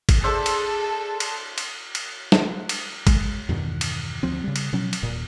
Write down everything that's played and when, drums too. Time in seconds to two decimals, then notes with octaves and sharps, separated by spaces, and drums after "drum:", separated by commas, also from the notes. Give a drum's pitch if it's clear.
0.09 drum: kick G#1, cymbal
0.23 D4 G#4 A4 C5 E5
0.46 drum: cymbal
1.20 drum: cymbal
1.58 drum: cymbal
1.95 drum: cymbal
2.32 drum: snare
2.69 drum: cymbal
3.07 G#3, drum: kick G#1, cymbal
3.49 E2 G2 B2 D#3
3.81 drum: cymbal
4.23 D2 F3 C4
4.44 C#3 G3
4.56 drum: cymbal
4.73 B2 F3 F#3 C#4
4.93 drum: cymbal
5.03 D#1 A#2